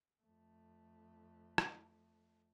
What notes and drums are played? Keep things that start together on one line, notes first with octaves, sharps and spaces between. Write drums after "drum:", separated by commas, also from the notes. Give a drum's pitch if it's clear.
F2 A3
drum: rim click